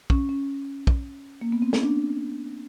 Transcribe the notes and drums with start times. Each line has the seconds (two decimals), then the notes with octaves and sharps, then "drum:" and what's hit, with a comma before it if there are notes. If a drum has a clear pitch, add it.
0.10 C#4, drum: kick
0.29 C#4
0.87 drum: kick
1.41 A#3
1.52 B3
1.62 C4
1.73 C#4, drum: snare
1.83 D4